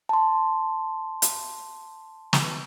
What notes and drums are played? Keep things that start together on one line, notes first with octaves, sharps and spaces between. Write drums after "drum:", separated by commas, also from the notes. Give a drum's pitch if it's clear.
A5 C6
drum: hi-hat
drum: snare